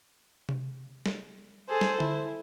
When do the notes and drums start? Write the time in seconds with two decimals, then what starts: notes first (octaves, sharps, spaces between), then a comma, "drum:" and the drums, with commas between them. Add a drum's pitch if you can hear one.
0.49 drum: tom C3
1.06 drum: snare
1.69 G#4 A4 C5
1.81 drum: snare
2.00 E4, drum: tom D3